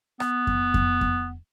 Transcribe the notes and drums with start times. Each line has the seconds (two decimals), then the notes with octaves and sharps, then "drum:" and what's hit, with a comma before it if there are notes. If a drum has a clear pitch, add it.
0.20 B3, drum: rim click
0.47 drum: kick F2
0.74 drum: kick F2
1.01 drum: kick F2